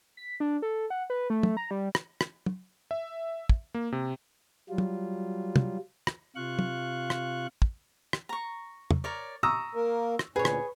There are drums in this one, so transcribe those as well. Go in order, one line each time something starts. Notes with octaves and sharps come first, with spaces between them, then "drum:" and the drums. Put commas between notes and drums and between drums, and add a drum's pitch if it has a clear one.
B6
D4
A4
F#5
B4
A3
drum: tom
A#5
G3
drum: rim click
drum: rim click
drum: tom
E5
drum: kick
A#3
C3
F#3 G3 F4
drum: tom
drum: tom
drum: rim click
C3 F4 F5 C#6 F#6
drum: tom
drum: rim click
drum: kick
drum: rim click
A#5 C#6
drum: tom
A#4 C#5 D5
A#5 C#6 D#6 E6
A#3 A#4
drum: rim click
D2 A#2 C#4 G#4 B4 C#5
drum: rim click